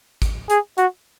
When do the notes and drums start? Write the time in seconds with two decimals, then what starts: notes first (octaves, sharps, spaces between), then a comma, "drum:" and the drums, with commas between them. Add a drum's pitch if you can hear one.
0.22 drum: kick, hi-hat
0.50 G#4, drum: hi-hat
0.78 F#4, drum: hi-hat